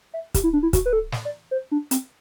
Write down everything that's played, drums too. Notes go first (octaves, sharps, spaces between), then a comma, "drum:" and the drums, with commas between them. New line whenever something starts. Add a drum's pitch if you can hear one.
E5
G4, drum: kick, hi-hat
E4
D4
E4
F#4, drum: kick, hi-hat
B4
A4
drum: snare
D5
C5
D4
C4, drum: hi-hat